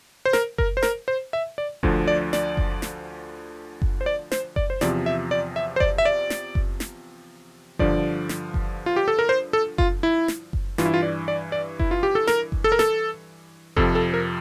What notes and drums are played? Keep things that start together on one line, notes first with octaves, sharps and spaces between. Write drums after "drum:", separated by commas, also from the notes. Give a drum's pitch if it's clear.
C5
A#4, drum: snare
A#4, drum: kick F#1
C5
A#4, drum: snare
C5
E5
D5
D2 D3 F3, drum: kick F#1
D5
D5, drum: snare
drum: kick F#1
drum: snare
drum: kick F#1
C5
D5
C5, drum: snare
D5, drum: kick F#1
C5
E2 C3 F3 D5, drum: snare
E5
D5
E5
C5
D5, drum: kick F#1
E5
D5
drum: snare
drum: kick F#1
drum: snare
G2 D3 F3 D5, drum: kick F#1
drum: snare
drum: kick F#1
F4
G4
A4
A#4
C5
A4
F4, drum: kick F#1
E4
drum: snare
drum: kick F#1
G2 E3 F4, drum: snare
E4
F4
D5
D5
D5
E4, drum: kick F#1
F4
G4
A4
A#4, drum: snare
drum: kick F#1
A4
A#4
A4, drum: snare
F2 C3 F3 A4, drum: kick F#1
A4
A#4